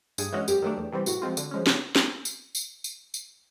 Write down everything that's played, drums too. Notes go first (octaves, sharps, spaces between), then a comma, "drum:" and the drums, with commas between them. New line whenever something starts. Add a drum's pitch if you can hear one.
G2 G#4, drum: tambourine
E3 G#3 C#4 F#4
F#2 G4, drum: tambourine
D#3 F#3 A3 D4
E2
C3 E3 G3 C4
A2 F#4, drum: tambourine
F3 G#3 C4 F4
D3, drum: tambourine
F3 G#3 C#4
C#3, drum: snare
drum: snare
drum: tambourine
drum: tambourine
drum: tambourine
drum: tambourine